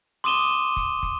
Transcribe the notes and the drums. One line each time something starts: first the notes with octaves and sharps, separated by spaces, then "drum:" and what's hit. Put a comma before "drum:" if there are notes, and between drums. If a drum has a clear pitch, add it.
C6 D6 D#6 D#7 E7 G7
drum: kick
drum: kick